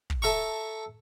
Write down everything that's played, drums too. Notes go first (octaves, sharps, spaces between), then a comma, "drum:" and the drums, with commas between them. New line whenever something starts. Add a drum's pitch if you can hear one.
drum: kick
A4 E5 A#5 C#6